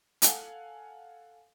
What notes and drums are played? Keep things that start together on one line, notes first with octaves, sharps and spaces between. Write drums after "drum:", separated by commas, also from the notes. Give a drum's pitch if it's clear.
A4 F5 F#5 G#5, drum: hi-hat